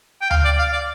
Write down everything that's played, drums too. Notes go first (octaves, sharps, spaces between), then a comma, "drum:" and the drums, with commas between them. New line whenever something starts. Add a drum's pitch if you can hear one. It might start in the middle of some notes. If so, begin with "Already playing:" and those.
G5
F5, drum: tom D2
D5
F5
D5